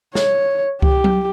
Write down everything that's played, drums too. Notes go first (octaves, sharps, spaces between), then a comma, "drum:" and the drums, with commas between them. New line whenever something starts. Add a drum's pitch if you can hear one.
C#5, drum: snare
G4, drum: kick C#2
drum: tom F#3